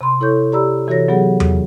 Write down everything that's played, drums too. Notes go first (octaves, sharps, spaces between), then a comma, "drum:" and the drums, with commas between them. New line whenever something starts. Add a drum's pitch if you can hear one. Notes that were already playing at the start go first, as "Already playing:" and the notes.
C3 B5 C6
E4 A4 C#5 C#6 G6
G4 D5 A#5 B5 E6
C3 E3 F#4 A4 C#5 A#6
F#3 B3 G4 G#4 F#5
drum: tom E2